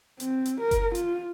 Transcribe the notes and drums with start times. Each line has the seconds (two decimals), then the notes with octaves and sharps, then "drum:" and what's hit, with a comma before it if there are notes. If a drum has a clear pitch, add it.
0.20 C4, drum: hi-hat
0.45 drum: hi-hat
0.61 A#4
0.71 drum: kick F#1, hi-hat
0.95 F4, drum: hi-hat